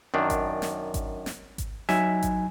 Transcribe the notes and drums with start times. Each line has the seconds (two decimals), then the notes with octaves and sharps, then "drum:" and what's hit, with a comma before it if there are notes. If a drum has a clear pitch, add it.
0.14 F#2 D#3 D4
0.30 drum: kick G#1, hi-hat
0.62 drum: snare
0.94 drum: kick G#1, hi-hat
1.26 drum: snare
1.58 drum: kick G#1, hi-hat
1.89 F#3 D#4 E5 G#5, drum: snare
2.22 drum: kick G#1, hi-hat